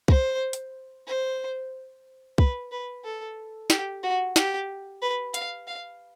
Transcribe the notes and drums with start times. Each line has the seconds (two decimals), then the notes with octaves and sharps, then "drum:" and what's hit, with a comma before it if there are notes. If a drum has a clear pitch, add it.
0.08 C5, drum: kick
0.53 drum: hi-hat
1.07 C5
2.38 B4, drum: kick
2.72 B4
3.04 A4
3.70 G4, drum: snare
4.03 F#4
4.36 G4, drum: snare
5.02 B4
5.34 F5, drum: hi-hat
5.67 F5